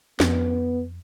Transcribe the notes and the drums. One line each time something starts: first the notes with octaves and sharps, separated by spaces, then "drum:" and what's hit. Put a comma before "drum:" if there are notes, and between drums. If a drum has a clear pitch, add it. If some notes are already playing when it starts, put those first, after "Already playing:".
F2 B3, drum: snare